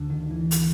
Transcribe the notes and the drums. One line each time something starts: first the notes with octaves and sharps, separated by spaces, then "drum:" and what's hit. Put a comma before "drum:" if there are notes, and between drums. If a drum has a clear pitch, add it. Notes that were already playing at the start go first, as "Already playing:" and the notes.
Already playing: D2 D3
D#3
E3
drum: hi-hat